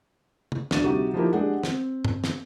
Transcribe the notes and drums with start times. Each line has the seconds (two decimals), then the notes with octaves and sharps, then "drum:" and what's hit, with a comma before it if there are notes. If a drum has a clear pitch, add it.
0.52 drum: tom
0.71 D2 D4 F#4 A6 D#7 E7, drum: snare
0.84 C3 G3 D#4 F#4 G4
1.14 F3 A#3 D#4 E4 G4 A#4
1.33 G#3 D4 G4 G#4 F#5
1.63 C4, drum: snare
2.05 drum: tom G2
2.24 drum: snare